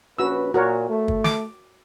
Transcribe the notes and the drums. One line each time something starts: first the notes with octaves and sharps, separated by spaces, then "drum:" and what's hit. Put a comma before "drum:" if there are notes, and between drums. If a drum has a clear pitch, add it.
A#1 C#4 F#4 B4 E6
A#2 F#4 A#4 C#5
A3
drum: kick
D6, drum: snare